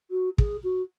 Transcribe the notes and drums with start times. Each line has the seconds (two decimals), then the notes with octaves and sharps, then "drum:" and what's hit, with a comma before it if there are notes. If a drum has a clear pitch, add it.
0.11 F#4
0.38 G#4, drum: kick
0.64 F#4